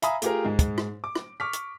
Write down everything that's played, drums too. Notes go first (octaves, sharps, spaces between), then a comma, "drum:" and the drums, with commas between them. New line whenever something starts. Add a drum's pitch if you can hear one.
E5 F5 G#5 A#5 B5 D#6, drum: hi-hat
A3 F4 G4 G#4 A#4, drum: hi-hat
G#2 G#3
drum: kick, hi-hat
drum: rim click
D6
drum: rim click
C#6 D6 F6 B6
drum: hi-hat